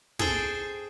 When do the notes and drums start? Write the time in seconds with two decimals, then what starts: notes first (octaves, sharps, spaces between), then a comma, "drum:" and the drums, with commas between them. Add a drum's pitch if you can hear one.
0.19 G#4 A4 C5 G5, drum: snare